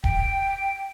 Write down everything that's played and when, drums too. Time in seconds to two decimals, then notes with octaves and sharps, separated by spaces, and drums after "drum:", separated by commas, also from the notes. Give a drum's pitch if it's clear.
0.04 G5, drum: kick D1